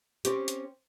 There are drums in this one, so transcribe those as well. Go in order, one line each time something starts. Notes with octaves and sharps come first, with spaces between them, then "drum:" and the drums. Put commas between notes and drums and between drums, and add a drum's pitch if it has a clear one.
C4 C#4 G4, drum: hi-hat
drum: hi-hat